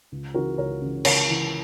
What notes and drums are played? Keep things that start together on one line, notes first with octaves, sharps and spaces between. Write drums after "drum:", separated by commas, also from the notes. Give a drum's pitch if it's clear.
C#2
C#3 E3 F#4 A#4
C#2 A#4 C#5
C#3 E3
C#2 A#4 C#5, drum: cymbal
C#3 E3